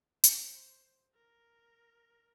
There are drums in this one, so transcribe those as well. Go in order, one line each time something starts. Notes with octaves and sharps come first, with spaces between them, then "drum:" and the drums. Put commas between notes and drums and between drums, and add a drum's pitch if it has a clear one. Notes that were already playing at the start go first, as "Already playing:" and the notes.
C5, drum: hi-hat
A#4